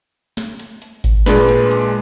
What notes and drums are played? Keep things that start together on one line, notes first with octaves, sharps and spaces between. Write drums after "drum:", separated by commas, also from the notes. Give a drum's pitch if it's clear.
drum: snare
drum: hi-hat
drum: hi-hat
drum: kick G#1, hi-hat
A#2 G#3 D4 B4, drum: snare
drum: hi-hat
drum: hi-hat